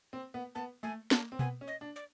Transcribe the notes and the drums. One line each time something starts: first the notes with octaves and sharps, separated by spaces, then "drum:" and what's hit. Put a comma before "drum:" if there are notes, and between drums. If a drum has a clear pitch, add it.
C4
B3
B3 A5
A3 G#5
A#3 A5, drum: snare
C4
B3 G#5, drum: tom B2
C#4
D#5
D4
D5